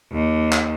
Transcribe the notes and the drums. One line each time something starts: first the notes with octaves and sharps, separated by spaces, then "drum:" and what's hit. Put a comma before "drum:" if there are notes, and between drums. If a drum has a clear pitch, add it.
D#2
drum: clap